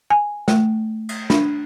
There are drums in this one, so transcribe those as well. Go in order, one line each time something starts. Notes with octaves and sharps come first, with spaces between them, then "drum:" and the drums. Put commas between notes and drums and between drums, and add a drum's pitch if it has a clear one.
G#5
A3, drum: snare
drum: cymbal
D4, drum: snare